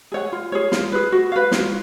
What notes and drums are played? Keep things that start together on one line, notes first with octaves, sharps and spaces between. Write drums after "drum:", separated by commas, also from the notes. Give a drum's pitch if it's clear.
G#4 C#5 F#5
F4
G#4 C#5
F4, drum: snare
G#4 B4
F#4
B4 F5
F4, drum: snare